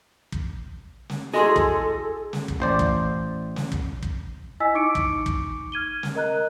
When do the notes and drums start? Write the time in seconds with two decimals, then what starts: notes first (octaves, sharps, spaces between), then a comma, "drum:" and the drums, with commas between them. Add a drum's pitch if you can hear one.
0.32 drum: kick
1.09 drum: snare
1.34 E4 F#4 G#4 A4 D#5 C6
1.56 drum: kick
2.33 drum: snare
2.48 drum: kick
2.60 A1 C5 D5
2.79 drum: kick
3.56 drum: snare
3.72 drum: kick
4.03 drum: kick
4.60 E4 D#5 G#5 E6 B6
4.74 D#4 C#6 D6 C#7 D7
4.95 drum: kick
5.26 drum: kick
5.72 F6 G#6 D#7 G7
6.03 drum: snare
6.15 A#4 D#5 A#5 F#6